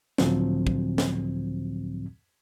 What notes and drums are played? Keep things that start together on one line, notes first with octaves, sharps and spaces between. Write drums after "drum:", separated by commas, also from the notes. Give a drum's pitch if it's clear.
C#2 A2 D3 F3 F#3 C4, drum: snare
drum: kick
drum: snare